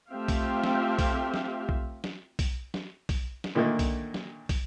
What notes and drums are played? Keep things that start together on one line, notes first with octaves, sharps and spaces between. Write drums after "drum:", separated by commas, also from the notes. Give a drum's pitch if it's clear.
A3 C4 F4 G4 E5 F5
drum: kick, open hi-hat
drum: snare
drum: kick, open hi-hat
drum: snare
drum: kick
drum: snare
drum: kick, open hi-hat
drum: snare
drum: kick, open hi-hat
drum: snare
A#2 D3 D#3 A3 A#3
drum: kick, open hi-hat
drum: snare
drum: kick, open hi-hat